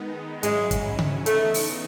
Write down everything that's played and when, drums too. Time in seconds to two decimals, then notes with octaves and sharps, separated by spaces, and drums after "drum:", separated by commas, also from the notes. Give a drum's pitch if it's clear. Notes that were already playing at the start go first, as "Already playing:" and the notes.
Already playing: D#3 G#3 B3 D#4
0.43 G#2 F#3 G#3 C#4 E4, drum: hi-hat
0.71 drum: kick, hi-hat
0.99 drum: tom C#3
1.26 C#3 E3 A3 B3 D#4, drum: hi-hat
1.54 drum: open hi-hat